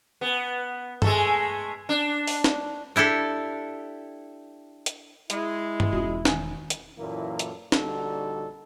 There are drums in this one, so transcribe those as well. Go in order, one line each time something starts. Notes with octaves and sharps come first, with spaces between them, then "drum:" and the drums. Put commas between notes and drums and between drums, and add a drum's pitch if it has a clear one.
B3
G#3 A3 A4, drum: tom G2
D4
drum: open hi-hat
drum: snare
D4 E4 G4 A4
drum: hi-hat
G#3 E4, drum: hi-hat
drum: tom G2
E1 C#4 F4 F#4
D#3 G#5 G6, drum: snare
drum: hi-hat
F#2 A#2 E3 A#3 E4 A4
drum: hi-hat
A#1 D3 G3 D#4 F#4 A4, drum: snare